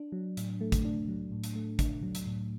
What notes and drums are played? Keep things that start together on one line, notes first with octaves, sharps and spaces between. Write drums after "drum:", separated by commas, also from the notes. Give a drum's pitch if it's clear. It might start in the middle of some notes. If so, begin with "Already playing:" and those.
Already playing: D4
F#3
A2, drum: hi-hat
A3
drum: kick, hi-hat
D4
F#3
A2
drum: hi-hat
A3
D4, drum: kick, hi-hat
F#3
drum: hi-hat
A2